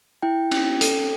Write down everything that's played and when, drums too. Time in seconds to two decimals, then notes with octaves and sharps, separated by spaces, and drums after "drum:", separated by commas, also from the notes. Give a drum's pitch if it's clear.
0.22 E4 G5
0.51 C#4, drum: cymbal
0.81 A4, drum: hi-hat